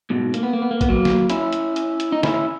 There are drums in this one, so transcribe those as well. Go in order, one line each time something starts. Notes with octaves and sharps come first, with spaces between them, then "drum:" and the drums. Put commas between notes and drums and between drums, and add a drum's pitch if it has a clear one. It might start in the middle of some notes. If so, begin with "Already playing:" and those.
G#2 B2
A#3, drum: hi-hat
B3
A#3
B3
A#3
B3, drum: kick A1, hi-hat
F#3 A#3
drum: snare
C#4 E4, drum: hi-hat
drum: hi-hat
drum: hi-hat
drum: hi-hat
D#4
C#4 E4, drum: snare